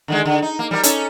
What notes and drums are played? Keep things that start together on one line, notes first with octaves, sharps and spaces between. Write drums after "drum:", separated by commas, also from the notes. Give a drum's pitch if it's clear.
D3 D#3 G#3
D3
D#4
A#3
G3 G#3 A#4
C#4 D#4 A4, drum: hi-hat